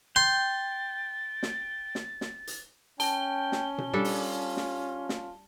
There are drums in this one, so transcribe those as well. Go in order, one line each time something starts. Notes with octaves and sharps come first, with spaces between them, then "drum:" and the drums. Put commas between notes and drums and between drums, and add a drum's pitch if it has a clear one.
G5 C6 A6
drum: snare
drum: snare
drum: snare
drum: hi-hat
C#4 G5 A5 G7, drum: hi-hat
drum: snare
drum: tom B2
G3 D4 F4 A4
drum: open hi-hat
drum: snare
drum: snare